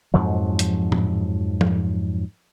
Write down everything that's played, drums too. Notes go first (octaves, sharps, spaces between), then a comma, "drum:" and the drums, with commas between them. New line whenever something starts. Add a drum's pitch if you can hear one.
F2 G#2 F3 F#3
drum: hi-hat
drum: tom A2
drum: tom F3